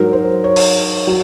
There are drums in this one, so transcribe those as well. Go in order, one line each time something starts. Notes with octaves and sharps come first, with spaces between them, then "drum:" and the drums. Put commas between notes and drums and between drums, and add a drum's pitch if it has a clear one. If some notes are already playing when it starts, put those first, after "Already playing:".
Already playing: G#2 F#3 A#4
C5
C#5
drum: open hi-hat
F#3